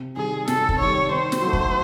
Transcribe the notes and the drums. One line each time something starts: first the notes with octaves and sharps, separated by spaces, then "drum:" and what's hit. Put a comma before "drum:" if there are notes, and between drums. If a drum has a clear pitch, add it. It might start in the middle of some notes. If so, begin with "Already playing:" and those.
Already playing: C3
D#3 G3 G#4
C3 A4, drum: snare
drum: kick
D#3 G3 C#5
D#3 C5
drum: snare
F#3 A3
drum: kick